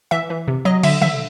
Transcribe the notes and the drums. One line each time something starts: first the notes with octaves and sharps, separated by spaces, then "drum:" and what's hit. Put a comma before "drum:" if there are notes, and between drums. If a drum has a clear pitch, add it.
E3 E5
E3
C3
F#3 D#5
D3 E5, drum: cymbal
D3 E5, drum: tom